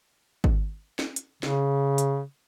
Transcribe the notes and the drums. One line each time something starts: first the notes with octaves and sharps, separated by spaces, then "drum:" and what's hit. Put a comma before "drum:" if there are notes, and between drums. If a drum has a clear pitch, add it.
drum: kick G#1
drum: snare
drum: hi-hat
C#3, drum: snare
drum: hi-hat